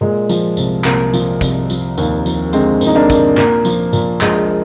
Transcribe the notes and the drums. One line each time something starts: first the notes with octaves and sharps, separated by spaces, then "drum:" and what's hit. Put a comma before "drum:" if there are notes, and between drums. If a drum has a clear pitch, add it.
A#2 G#3
F3, drum: tambourine
C2, drum: tambourine
C2 A#3, drum: clap
F3, drum: tambourine
C2, drum: kick, tambourine
F3, drum: tambourine
D#2, drum: tambourine
F3, drum: tambourine
D3 G#3 C4, drum: tambourine
D#2, drum: tambourine
D#4
A#3 D4
D#2, drum: kick, tambourine
A#2 A#3, drum: clap
F3, drum: tambourine
A#2, drum: tambourine
A#1 G#3, drum: clap